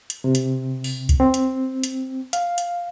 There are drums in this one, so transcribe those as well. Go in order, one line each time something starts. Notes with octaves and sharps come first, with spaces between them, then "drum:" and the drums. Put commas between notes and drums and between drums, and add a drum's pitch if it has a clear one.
drum: hi-hat
C3
drum: hi-hat
drum: open hi-hat
drum: kick, hi-hat
C4
drum: hi-hat
drum: hi-hat
F5, drum: hi-hat
drum: hi-hat